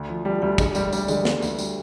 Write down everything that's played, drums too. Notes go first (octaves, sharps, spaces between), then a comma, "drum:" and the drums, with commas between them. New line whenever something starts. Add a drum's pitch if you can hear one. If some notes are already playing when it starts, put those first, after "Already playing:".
Already playing: D2
F3
F3 G3
D2 G3
D3 G#3, drum: kick, tambourine
D2 G3, drum: tambourine
D2 G3, drum: tambourine
D3 G#3, drum: tambourine
D3, drum: snare
D2, drum: tambourine
G3, drum: tambourine